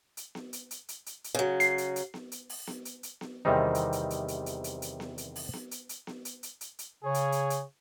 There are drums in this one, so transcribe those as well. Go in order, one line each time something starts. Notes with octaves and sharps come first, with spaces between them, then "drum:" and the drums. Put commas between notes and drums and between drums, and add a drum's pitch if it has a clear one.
drum: hi-hat
drum: snare B3
drum: hi-hat
drum: hi-hat
drum: hi-hat
drum: hi-hat
drum: hi-hat
C#3 F#3
C7, drum: hi-hat
drum: hi-hat
drum: hi-hat
drum: snare B3
drum: hi-hat
drum: open hi-hat
drum: snare B3
drum: hi-hat
drum: hi-hat
drum: snare B3
E2 C3 D#3 G3 C4 D#4
drum: hi-hat
drum: hi-hat
drum: hi-hat
drum: hi-hat
drum: hi-hat
drum: hi-hat
drum: hi-hat
drum: snare B3
drum: hi-hat
drum: open hi-hat
drum: snare B3
drum: hi-hat
drum: hi-hat
drum: snare B3
drum: hi-hat
drum: hi-hat
drum: hi-hat
drum: hi-hat
C#3 G#4 C#5
drum: hi-hat
drum: hi-hat
drum: hi-hat